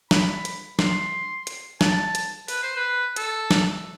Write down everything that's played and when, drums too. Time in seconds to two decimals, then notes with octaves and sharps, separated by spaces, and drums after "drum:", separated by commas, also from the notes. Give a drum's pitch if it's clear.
0.11 B5, drum: snare
0.45 drum: hi-hat
0.79 C6, drum: snare
1.47 drum: hi-hat
1.81 A5, drum: snare
2.15 drum: hi-hat
2.48 B4, drum: open hi-hat
2.63 C5
2.76 B4
3.16 A4, drum: hi-hat
3.51 drum: snare